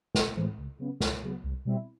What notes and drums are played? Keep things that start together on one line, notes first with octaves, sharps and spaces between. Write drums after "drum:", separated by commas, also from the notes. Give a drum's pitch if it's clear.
A#1, drum: snare
A2 E3 G#3 C4
C#2
C#3 F#3 B3
C#2, drum: snare
C#3 F#3 B3
C2
B2 G3 C4 E4